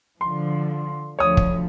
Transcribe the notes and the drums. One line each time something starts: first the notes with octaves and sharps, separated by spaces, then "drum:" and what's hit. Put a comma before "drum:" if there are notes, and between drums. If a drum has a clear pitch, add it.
D3 F3 C6
D2 F3 C#5 D#6
drum: kick